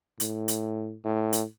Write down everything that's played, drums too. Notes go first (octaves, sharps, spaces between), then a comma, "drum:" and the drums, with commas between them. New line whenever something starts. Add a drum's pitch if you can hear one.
A2, drum: hi-hat
drum: hi-hat
A2
drum: hi-hat